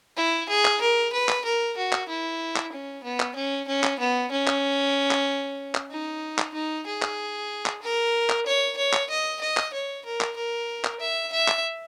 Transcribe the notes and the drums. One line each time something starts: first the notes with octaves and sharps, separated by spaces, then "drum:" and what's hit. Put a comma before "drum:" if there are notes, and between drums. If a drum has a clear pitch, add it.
E4
G#4
drum: clap
A#4
B4
drum: clap
A#4
F#4
drum: clap
E4
drum: clap
C#4
B3
drum: clap
C#4
C#4
drum: clap
B3
C#4
drum: clap
drum: clap
drum: clap
D#4
drum: clap
D#4
G#4
drum: clap
drum: clap
A#4
drum: clap
C#5
C#5
drum: clap
D#5
D#5
drum: clap
C#5
A#4
drum: clap
A#4
drum: clap
E5
E5
drum: clap